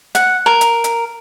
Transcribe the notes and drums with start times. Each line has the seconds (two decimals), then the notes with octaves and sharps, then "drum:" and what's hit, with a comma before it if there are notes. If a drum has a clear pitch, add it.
0.15 F#5, drum: hi-hat
0.46 A#4
0.61 drum: hi-hat
0.84 drum: hi-hat